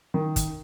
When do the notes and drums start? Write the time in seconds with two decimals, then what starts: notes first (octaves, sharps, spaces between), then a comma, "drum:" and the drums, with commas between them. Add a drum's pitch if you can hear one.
0.14 D#3
0.36 drum: kick G1, hi-hat